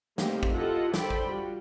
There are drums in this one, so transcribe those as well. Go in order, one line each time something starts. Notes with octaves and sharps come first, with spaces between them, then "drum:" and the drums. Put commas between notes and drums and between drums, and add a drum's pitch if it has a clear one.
A3 A#3 C4 D#4 G4, drum: snare
drum: kick
E4 F4 G4 A4 D#5 F#5
A4 C5 D5 G5 B5, drum: snare
drum: kick
G3 F4 F#4